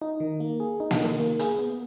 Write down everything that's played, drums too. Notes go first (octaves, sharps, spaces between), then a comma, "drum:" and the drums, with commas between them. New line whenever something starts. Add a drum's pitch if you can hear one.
D#4
D#3
A#3
G#4
D#4
drum: snare A#3
D#3
A#3
G#4, drum: hi-hat
B3